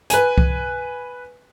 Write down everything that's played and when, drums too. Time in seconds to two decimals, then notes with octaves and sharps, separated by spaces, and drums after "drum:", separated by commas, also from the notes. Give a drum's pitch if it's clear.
0.10 B4 G#5, drum: hi-hat
0.38 drum: kick C2